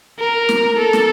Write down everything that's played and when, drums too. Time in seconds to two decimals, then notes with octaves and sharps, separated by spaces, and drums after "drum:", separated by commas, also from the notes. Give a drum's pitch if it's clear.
0.19 A#4
0.49 drum: snare
0.79 A4
0.93 drum: snare